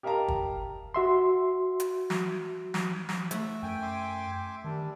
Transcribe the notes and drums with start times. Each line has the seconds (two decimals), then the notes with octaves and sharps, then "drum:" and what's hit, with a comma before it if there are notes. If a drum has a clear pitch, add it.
0.03 G4 A#4 D#5 F5 A5 A#5
0.28 drum: kick
0.94 F#4 E5 C6
1.80 drum: hi-hat
2.10 drum: snare
2.74 drum: snare
3.09 drum: snare
3.31 A3 E5 F#5, drum: hi-hat
3.63 F#2 G5 G#5
3.82 E5 C6 D6
4.64 D#3 G3 D4